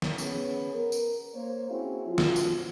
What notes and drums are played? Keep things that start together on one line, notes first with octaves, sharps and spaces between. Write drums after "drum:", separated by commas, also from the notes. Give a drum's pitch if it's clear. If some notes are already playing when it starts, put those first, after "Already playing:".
drum: snare
B3 C#4 G#4, drum: tambourine
A#4
drum: tambourine
A#3 C5 C#5
C4 C#4 E4 F#4 G#4
F3 F4 F#4
drum: snare
drum: tambourine